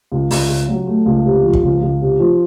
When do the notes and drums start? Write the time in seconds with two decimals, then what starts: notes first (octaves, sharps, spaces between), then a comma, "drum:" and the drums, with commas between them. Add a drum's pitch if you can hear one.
0.12 C#2
0.31 C#2, drum: open hi-hat
0.49 C#3
0.68 F#3
0.87 A3
1.06 C#2
1.25 C3
1.44 F3
1.53 drum: kick
1.63 C#2
1.82 C#2
2.01 C3
2.19 F3